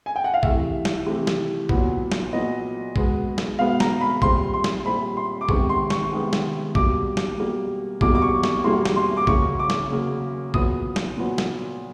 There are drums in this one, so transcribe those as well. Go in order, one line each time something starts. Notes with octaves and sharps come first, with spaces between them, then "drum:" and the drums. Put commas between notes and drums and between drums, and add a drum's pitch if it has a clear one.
G#5
G5
F#5
F5
C3 E3 A3 E5, drum: kick
drum: snare
C3 E3 A3
drum: snare
A#2 F#3 B3, drum: kick
drum: snare
A#2 F#3 B3 D#5
B2 G#3 B3, drum: kick
drum: snare
B2 G#3 B3 F5
A#5, drum: snare
B5
A#2 G3 C4 C6, drum: kick
C6
drum: snare
A#2 G3 C4 B5
C6
D6
C3 D#3 G#3 B3 C#6, drum: kick
C6
C#6, drum: snare
C3 D#3 G#3 B3
drum: snare
B2 G3 A#3 D6, drum: kick
drum: snare
B2 G3 A#3
E2 B2 G3 A#3 D6, drum: kick
D6
C#6
C#6, drum: snare
E2 B2 G3 A#3 C6
drum: snare
C6
D6
C#3 F#3 A#3 C#6, drum: kick
D6
drum: snare
C#3 F#3 A#3
A#2 F#3 B3 D#6, drum: kick
drum: snare
A#2 F#3 B3
drum: snare